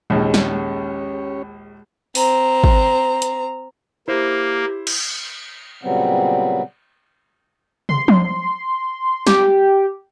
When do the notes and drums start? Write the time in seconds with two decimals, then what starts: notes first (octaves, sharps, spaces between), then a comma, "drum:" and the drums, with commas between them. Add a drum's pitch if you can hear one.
0.10 A#1 D#2 G#3 C#4 G4 C#5
0.34 drum: snare
2.15 C4 A#5, drum: open hi-hat
2.64 drum: kick
3.22 drum: hi-hat
4.08 A#3 E4 G4 C5
4.87 drum: cymbal
5.83 A#2 C#3 F#3 G3 B3 C4
7.89 C6, drum: tom
8.08 drum: tom F3
9.27 G4, drum: snare